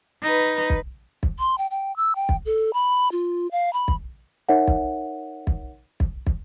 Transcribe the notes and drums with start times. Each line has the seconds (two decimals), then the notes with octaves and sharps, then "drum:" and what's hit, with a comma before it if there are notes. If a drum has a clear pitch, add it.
0.23 D#4 B4
0.70 drum: kick
1.23 drum: kick
1.39 C6
1.58 G5
1.71 G5
1.96 E6
2.16 G5
2.29 drum: kick
2.46 A4
2.74 B5
3.12 F4
3.51 F5
3.73 B5
3.88 drum: kick
4.49 D#4 A#4 C#5 E5 F#5
4.67 drum: kick
5.47 drum: kick
6.00 drum: kick
6.27 drum: kick